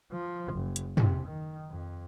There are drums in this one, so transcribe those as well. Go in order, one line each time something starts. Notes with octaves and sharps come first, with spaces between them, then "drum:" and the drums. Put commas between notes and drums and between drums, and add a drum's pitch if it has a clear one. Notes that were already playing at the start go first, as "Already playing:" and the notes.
F3
F#1
drum: hi-hat
C3, drum: tom
D#3
F2